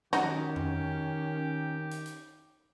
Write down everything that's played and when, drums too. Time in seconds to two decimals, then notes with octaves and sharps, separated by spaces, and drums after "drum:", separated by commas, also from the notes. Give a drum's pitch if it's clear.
0.13 D#3 C#4 D#4 F#4 G4, drum: snare
0.56 drum: tom F2
1.91 drum: hi-hat
2.06 drum: hi-hat